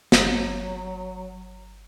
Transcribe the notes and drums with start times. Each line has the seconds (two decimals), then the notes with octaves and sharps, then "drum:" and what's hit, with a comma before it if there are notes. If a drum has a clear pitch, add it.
0.12 G1 F#3, drum: snare